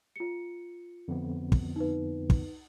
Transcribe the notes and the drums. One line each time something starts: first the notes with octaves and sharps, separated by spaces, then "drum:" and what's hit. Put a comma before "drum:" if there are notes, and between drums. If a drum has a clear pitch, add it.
F4 C#7
F2 D3 B3
drum: kick
D#4 B4
drum: kick